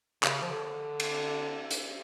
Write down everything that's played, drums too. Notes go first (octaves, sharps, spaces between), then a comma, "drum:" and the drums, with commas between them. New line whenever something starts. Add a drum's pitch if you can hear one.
C#3, drum: clap
F3
D3
drum: cymbal
drum: hi-hat